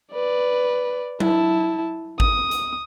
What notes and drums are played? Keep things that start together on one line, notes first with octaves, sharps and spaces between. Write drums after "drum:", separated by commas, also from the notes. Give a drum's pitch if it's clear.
B4 D5
E4 A5, drum: tom F#3
D#6, drum: kick G#1
drum: hi-hat